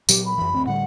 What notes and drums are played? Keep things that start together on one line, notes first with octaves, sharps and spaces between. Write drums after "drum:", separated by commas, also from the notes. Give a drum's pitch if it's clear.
A#2 F#3 G4, drum: tambourine
B5
F#2 E3
D2 C4
A2 D3 G3 F#5